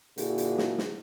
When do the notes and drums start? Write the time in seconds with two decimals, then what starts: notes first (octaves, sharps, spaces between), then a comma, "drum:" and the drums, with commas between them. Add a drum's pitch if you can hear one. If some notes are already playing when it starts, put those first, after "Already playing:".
0.18 A#2 D3 A#3 E4 F#4 G#4, drum: hi-hat
0.38 drum: hi-hat
0.58 drum: snare
0.78 drum: snare